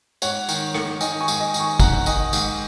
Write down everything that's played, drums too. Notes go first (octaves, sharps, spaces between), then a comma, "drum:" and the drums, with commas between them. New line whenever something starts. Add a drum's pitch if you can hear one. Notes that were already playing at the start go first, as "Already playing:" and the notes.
G#2 C#5 F#5, drum: tambourine
D#3, drum: tambourine
D#3, drum: rim click
D#3 D#5 G#5, drum: tambourine
G#5 C#6
G#2, drum: tambourine
D#5 G#5
D#3, drum: tambourine
G#5 C#6
D#3 F#5 A#5, drum: kick, tambourine
D#3 D#5 G#5, drum: tambourine
G#2, drum: tambourine